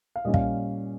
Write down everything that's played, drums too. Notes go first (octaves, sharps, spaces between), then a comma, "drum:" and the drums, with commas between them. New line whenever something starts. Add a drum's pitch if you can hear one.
F5
A#2 G3 C#4 D#5
F5, drum: kick